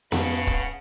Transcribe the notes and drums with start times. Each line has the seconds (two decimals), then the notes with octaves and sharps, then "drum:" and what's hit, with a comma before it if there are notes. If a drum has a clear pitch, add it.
0.12 F2 C#3 A3 C#4 B4 F5 F#5 A5, drum: snare B3
0.47 drum: kick D1